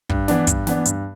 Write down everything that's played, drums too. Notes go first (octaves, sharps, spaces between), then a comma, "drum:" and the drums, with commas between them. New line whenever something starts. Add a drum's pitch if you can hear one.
G2, drum: kick
E3 B3 D4, drum: snare
G2, drum: kick, hi-hat
E3 B3 D4, drum: snare
G2, drum: hi-hat